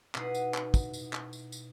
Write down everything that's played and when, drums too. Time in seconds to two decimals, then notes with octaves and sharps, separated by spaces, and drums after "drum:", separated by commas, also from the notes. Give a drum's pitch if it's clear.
0.15 B2 D#4 E4 F#5 D#6 C7, drum: clap
0.35 drum: tambourine
0.54 drum: clap
0.74 drum: kick, tambourine
0.93 drum: tambourine
1.13 drum: clap
1.33 drum: tambourine
1.52 drum: tambourine